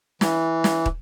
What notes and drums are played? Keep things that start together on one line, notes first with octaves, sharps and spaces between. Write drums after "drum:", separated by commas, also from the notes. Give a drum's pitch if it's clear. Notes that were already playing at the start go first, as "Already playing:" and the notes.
E3, drum: snare
drum: snare
drum: kick